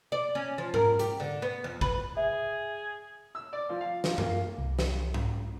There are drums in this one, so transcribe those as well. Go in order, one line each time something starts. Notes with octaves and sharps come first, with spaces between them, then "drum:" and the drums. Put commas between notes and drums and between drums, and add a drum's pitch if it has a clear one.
D5
C#4
F3
A#4, drum: tom G#2
G4, drum: hi-hat
D3
B3
F2
B4, drum: kick G#1
G#4 E5
E6
D5
F3
F5
F3, drum: snare
A#3, drum: tom F#2
C2
drum: snare
drum: tom G#2